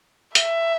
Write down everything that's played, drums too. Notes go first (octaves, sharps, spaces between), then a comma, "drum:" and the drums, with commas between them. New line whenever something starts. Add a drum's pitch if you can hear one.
E5, drum: hi-hat